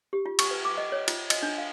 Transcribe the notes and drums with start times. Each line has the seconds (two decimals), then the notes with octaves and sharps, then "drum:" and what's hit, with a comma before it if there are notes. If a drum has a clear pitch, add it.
0.13 G4
0.26 F4
0.39 C#6, drum: cymbal
0.51 B4
0.65 D6
0.78 D#5
0.92 C#5
1.08 F4, drum: cymbal
1.30 D#5, drum: cymbal
1.43 D4
1.58 F5